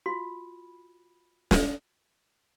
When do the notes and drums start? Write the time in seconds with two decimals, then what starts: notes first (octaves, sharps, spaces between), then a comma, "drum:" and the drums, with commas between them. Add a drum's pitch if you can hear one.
0.06 F4 F#4 B5
1.51 drum: snare